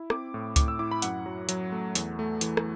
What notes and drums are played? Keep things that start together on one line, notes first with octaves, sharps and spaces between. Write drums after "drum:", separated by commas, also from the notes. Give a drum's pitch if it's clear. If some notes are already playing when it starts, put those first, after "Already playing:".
Already playing: E4
C4 D6, drum: rim click
A2
A2 D6, drum: kick C#2, hi-hat
E6
E4 D6
B5
F#2 F#5, drum: hi-hat
F#3
F#3, drum: hi-hat
A3
E2, drum: hi-hat
A3
E3, drum: hi-hat
drum: rim click